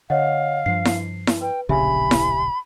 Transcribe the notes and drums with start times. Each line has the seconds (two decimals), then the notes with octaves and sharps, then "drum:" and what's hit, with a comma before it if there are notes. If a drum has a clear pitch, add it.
0.10 D3 C#5 D#5 F5 F#5
0.66 G2 F3 C7
0.85 drum: snare E4
1.27 drum: snare E4
1.42 B4 G5
1.69 D1 A#1 C#3 G4 E5 G#5 B5
2.11 drum: snare E4